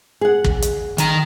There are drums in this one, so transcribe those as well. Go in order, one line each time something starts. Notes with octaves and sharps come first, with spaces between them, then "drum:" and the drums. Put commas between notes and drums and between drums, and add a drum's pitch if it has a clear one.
G#4 F#5
drum: kick
drum: hi-hat
D#3 A#5, drum: hi-hat